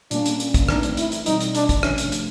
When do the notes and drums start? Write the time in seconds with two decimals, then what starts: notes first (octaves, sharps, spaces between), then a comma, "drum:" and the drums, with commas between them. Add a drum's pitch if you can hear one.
0.11 A#2 G3 A#3 C#4 D4, drum: hi-hat
0.26 drum: hi-hat
0.40 drum: hi-hat
0.54 drum: kick, hi-hat
0.69 E3 A3 C4 D4 D#4, drum: rim click
0.83 drum: hi-hat
0.97 E4, drum: hi-hat
1.12 drum: hi-hat
1.26 B2 G3 C4 D#4, drum: hi-hat
1.40 drum: hi-hat
1.55 D4, drum: hi-hat
1.69 drum: kick, hi-hat
1.83 C3 F3 A3 C#4 D4, drum: rim click
1.98 drum: hi-hat
2.12 drum: hi-hat